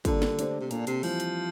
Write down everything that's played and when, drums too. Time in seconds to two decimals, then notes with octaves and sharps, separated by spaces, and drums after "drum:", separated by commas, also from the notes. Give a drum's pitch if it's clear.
0.05 D3 G3 A#3 D4 F4 A4, drum: kick, hi-hat
0.22 drum: snare
0.39 A3 D4 G4 C5, drum: hi-hat
0.60 C3
0.71 A#2 A#3 D4 A4, drum: hi-hat
0.87 C3, drum: hi-hat
1.03 E3 F3 G3 C4, drum: open hi-hat
1.20 drum: hi-hat